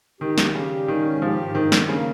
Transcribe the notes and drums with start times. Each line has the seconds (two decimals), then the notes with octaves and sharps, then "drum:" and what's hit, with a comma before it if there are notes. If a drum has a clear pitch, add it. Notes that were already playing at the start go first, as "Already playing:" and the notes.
0.21 D#3 G4
0.38 G4, drum: snare
0.55 C#3 G4
0.71 G3
0.88 D#3 C#4
1.05 G#2
1.22 F3 G4
1.39 G#2
1.55 G2 D#3
1.72 G2, drum: snare
1.89 C#3 A#3